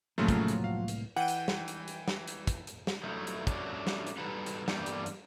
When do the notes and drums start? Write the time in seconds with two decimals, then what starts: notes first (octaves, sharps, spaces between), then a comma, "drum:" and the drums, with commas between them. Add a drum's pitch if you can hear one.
0.18 C2 A2 C#3 F3 F#3 A3 A#3 F4
0.28 drum: kick, hi-hat
0.48 drum: hi-hat
0.64 F5
0.88 drum: hi-hat
1.16 E3 F#5 G5 D#7
1.28 drum: hi-hat
1.48 drum: snare
1.68 drum: hi-hat
1.88 drum: hi-hat
2.08 drum: snare
2.27 drum: hi-hat
2.47 drum: kick, hi-hat
2.67 drum: hi-hat
2.87 drum: snare
3.03 F#3 A3 D#4 E4
3.27 drum: hi-hat
3.47 G3 A3 C#4 D4 E4 F#4, drum: kick, hi-hat
3.87 drum: snare
4.07 drum: hi-hat
4.18 G3 D#4 F#4 A4 B4 F#5
4.46 drum: hi-hat
4.68 E2 G2 G3 A3 A#3 G4, drum: snare
4.86 drum: hi-hat
5.06 drum: hi-hat